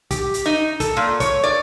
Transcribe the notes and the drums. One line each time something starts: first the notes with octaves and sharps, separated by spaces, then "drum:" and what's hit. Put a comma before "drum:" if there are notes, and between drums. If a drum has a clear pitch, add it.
G4, drum: kick, hi-hat
drum: hi-hat
D#4
A4, drum: kick, hi-hat
A#2
C#5, drum: kick, hi-hat
D5